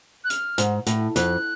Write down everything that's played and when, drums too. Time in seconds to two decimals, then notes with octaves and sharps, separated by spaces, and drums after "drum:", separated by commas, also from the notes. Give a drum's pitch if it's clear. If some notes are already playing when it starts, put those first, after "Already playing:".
0.24 F#6
0.30 F6, drum: hi-hat
0.58 G#2, drum: hi-hat
0.86 A2, drum: hi-hat
1.16 F2 F#6, drum: hi-hat